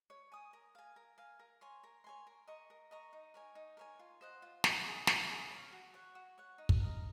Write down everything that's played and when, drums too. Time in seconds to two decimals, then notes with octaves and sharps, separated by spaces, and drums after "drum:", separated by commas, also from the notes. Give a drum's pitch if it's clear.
0.10 C#5
0.32 G#5 D#6
0.53 A#4
0.75 F5 G#5
0.96 A#4
1.18 F5 G#5
1.39 A#4
1.61 C#5 G#5 C6
1.84 A#4
2.04 C#5 G#5 C6
2.27 A#4
2.47 D#5 A#5 C#6
2.70 A#4
2.91 D#5 A#5 C#6
3.13 D#4
3.34 A#4 C#5 G#5
3.55 D#4
3.77 A#4 C#5 G#5
3.99 F4
4.21 C5 D#5 F#5
4.42 F4
4.64 C5 D#5 F#5, drum: snare
4.85 G#4
5.07 C#5 F5, drum: snare
5.29 G#4
5.50 C#5 F5
5.72 F#4
5.94 C#5 F#5
6.15 F#4
6.38 C#5 F#5
6.58 D#4
6.69 drum: kick
6.80 A#4 D#5